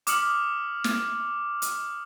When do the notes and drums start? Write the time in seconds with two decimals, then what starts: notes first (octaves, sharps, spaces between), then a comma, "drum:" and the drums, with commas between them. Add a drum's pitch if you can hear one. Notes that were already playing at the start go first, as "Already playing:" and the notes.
0.07 D6 D#6 F6 C#7 F#7, drum: hi-hat
0.84 drum: snare
1.62 drum: hi-hat